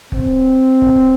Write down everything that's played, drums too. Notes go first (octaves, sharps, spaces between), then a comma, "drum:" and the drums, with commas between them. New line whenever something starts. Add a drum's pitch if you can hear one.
C4, drum: kick
drum: kick